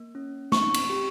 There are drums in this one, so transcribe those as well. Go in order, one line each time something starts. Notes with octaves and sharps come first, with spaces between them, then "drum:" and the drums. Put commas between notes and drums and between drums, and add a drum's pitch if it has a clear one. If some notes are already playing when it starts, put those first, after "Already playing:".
Already playing: A#3
C#4
C4 C#6, drum: snare
drum: cymbal
G4